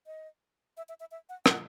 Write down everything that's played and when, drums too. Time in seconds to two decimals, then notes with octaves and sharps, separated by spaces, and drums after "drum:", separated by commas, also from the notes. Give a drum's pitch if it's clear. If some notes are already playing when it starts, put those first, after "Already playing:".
0.07 D#5
0.77 E5
0.89 E5
1.00 E5
1.11 E5
1.29 F#5
1.46 F#5, drum: rim click